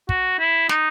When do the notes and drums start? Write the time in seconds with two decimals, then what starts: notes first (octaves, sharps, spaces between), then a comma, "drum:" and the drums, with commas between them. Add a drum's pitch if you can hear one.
0.09 F#4, drum: kick
0.39 E4
0.69 D#4, drum: snare